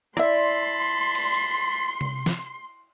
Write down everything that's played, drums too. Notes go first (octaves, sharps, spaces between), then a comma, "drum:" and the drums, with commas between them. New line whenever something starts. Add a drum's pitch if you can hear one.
E4 D5 E5 A5 B5 C6, drum: rim click
drum: cymbal
drum: hi-hat
drum: tom C3
drum: snare